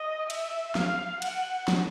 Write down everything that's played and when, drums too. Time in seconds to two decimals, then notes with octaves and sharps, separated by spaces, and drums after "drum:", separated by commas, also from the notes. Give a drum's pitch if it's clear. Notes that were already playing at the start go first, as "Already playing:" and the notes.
Already playing: D#5
0.30 E5, drum: cymbal
0.75 F5, drum: snare
1.22 F#5, drum: cymbal
1.68 drum: snare